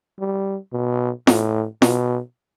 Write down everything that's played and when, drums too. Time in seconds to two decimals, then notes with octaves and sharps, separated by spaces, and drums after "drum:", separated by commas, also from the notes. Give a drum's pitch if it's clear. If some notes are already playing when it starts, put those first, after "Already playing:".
0.19 G3
0.73 B2
1.27 A2, drum: snare F4
1.82 B2, drum: snare F4